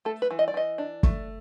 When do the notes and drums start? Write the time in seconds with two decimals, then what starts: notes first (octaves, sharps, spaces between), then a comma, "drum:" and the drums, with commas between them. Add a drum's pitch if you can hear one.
0.05 A3 A4
0.22 B4
0.31 E3
0.39 D#5
0.48 D5
0.54 E3 D#5
0.78 D4
1.03 A3, drum: kick